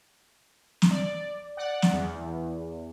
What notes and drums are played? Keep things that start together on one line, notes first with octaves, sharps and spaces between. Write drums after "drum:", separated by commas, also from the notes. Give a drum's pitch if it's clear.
drum: snare
D5
D5 F#5
drum: snare
E2